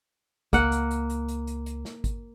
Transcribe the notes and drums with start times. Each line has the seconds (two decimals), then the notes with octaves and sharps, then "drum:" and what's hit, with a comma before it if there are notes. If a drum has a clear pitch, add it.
0.53 C#2 A#3 F#5, drum: kick G#1, hi-hat
0.72 drum: hi-hat
0.91 drum: hi-hat
1.10 drum: hi-hat
1.28 drum: hi-hat
1.47 drum: hi-hat
1.66 drum: hi-hat
1.85 drum: snare
2.04 drum: kick G#1, hi-hat